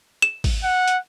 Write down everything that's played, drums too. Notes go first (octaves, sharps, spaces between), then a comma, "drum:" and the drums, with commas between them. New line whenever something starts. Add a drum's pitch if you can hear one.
E7
drum: kick, open hi-hat
F#5
drum: hi-hat